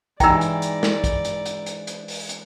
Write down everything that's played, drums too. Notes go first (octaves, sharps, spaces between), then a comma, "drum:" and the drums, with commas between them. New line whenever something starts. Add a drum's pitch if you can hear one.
E3 G#3 D#4 D5 G5 A#5 E6, drum: kick, hi-hat
drum: hi-hat
drum: hi-hat
drum: snare
drum: kick, hi-hat
drum: hi-hat
drum: hi-hat
drum: hi-hat
drum: hi-hat
drum: open hi-hat
drum: hi-hat